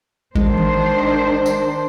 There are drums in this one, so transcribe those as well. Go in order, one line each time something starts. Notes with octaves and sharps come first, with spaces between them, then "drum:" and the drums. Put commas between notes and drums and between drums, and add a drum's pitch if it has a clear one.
D#3 G#3 D4 C5, drum: kick A1
drum: tom D#3
drum: tambourine